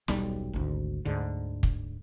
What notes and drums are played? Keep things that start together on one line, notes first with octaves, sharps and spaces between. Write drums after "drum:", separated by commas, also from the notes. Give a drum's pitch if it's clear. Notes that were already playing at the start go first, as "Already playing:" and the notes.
D#1 B1 G3, drum: snare
G#1 D2
D2 G#2 D3
drum: kick